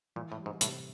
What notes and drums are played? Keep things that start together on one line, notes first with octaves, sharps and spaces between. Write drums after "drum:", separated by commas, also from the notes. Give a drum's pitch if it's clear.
A#2 E3
A2
G3
G#2
A2 C3, drum: hi-hat